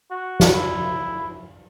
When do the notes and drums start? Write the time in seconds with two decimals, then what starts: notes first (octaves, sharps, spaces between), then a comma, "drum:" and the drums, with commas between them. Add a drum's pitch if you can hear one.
0.11 F#4
0.40 drum: snare
0.54 E4